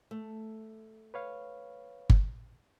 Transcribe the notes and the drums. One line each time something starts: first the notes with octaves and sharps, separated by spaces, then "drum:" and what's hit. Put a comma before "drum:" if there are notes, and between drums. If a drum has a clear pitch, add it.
A3
B4 C#5 F5
drum: kick G1